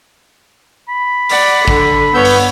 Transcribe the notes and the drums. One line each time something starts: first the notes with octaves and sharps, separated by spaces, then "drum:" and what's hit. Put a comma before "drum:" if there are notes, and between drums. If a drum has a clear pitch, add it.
B5
D5 F#5, drum: open hi-hat
D3, drum: kick
G2 B3 C#5 E6 G6
drum: open hi-hat